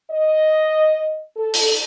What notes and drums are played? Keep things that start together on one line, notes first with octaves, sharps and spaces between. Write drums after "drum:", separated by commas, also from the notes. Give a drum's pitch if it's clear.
D#5
A4
drum: open hi-hat